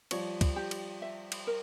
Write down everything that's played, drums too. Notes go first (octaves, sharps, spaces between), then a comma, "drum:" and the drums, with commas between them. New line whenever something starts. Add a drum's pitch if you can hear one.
F3 G3 C#5, drum: cymbal
drum: kick, cymbal
G4
drum: cymbal
E5
drum: cymbal
A#4